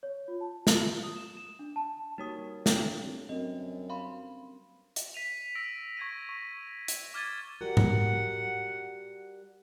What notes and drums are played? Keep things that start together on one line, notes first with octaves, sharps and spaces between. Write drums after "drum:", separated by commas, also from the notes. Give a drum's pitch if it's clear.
C#5
F4
A5
F4, drum: snare
D#6
E7
E7
D4
A5
G3 A#3 D#4 F#4 C#5 D#6
D4 A4 B4 G5, drum: snare
C2
F#2 C4 A#4 D#5
F5 B5 C6
drum: hi-hat
B6 D#7 F7
E6 A#6 D7
C#6 G#6 A#6 B6 D#7
C#6
drum: hi-hat
D6 F6 G#6 A6 D#7
G3 F#4 A#4 F#5
drum: tom G#2